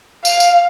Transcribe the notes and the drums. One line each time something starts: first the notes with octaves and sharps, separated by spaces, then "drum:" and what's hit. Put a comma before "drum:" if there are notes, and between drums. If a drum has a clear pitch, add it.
F5, drum: tambourine
drum: tambourine